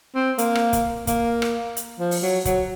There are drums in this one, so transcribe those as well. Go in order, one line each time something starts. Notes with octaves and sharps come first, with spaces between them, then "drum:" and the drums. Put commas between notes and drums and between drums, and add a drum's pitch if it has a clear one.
C4
A#3, drum: hi-hat
drum: rim click
drum: kick, hi-hat
A#3, drum: kick, hi-hat
drum: rim click
drum: hi-hat
F3
drum: open hi-hat
F#3
F#3, drum: kick, hi-hat